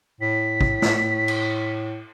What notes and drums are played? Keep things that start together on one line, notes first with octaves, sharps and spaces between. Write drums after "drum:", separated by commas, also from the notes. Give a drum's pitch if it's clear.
A2 B6
drum: kick
drum: snare
drum: cymbal